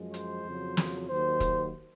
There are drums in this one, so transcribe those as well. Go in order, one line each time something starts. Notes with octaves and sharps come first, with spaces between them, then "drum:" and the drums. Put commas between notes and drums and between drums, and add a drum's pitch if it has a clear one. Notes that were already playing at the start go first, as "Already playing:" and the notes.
Already playing: F#2 F3 G#3
C5, drum: hi-hat
F2 C#3 F#3
drum: snare
D#2 D#3 F#3 C5
drum: kick, hi-hat